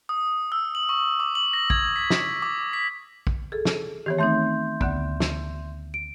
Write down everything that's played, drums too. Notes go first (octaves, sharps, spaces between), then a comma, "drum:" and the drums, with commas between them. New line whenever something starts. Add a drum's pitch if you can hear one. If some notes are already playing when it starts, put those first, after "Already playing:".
D#6
E6
F#7
C#6
D6
F#7
A#6
G#6, drum: kick
B6
drum: snare
D6
B6
drum: kick
G#4 A4
drum: snare
D#3 E3 B3 G4 C#5
A3 C4 D#4 E5 C6 G6
D2 D3 B3, drum: kick
drum: snare
D7